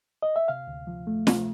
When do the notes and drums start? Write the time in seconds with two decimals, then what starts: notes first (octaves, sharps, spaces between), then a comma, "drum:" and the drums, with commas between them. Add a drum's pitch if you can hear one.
0.22 D#5
0.36 E5
0.48 C3 F5
0.68 D2
0.87 F3
1.07 A3
1.27 C3, drum: snare